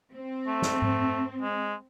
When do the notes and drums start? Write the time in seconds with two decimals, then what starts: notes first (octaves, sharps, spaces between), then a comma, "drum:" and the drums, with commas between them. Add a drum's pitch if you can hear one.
0.14 C4
0.47 A3
0.62 drum: snare
0.82 drum: tom G#2
1.42 G#3